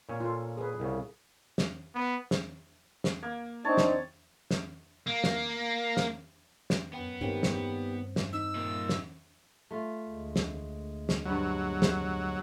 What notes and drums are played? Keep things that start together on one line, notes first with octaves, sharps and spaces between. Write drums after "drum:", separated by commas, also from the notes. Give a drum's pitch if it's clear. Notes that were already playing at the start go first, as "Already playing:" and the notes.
A#2 C#4
F4 A4
G#4 B4
C2 C#3
drum: snare
B3
drum: snare
drum: snare
A#3
C4 D4 D#4 C#5 A5
drum: snare
drum: snare
A#3
drum: snare
drum: snare
drum: snare
F#2 B3 G5
G2 D#3 A#3 C4 C#4 G4
drum: snare
drum: snare
D#4 E6
A#2 D#3
drum: snare
A3 F4
D2 G#3
drum: snare
drum: snare
G2 F#3 B3
drum: snare